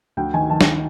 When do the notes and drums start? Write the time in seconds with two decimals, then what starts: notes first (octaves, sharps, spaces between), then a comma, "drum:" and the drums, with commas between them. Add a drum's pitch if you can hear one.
0.17 D2 G5
0.34 D#3 G#5
0.50 D#3 A5
0.61 drum: snare